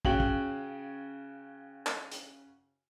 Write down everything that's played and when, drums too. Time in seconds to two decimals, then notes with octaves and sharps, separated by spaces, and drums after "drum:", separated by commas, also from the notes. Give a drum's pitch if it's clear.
0.05 C#3 C#4 F#4 F5 G5 F#7, drum: kick
0.20 drum: kick
1.86 drum: clap
2.12 drum: hi-hat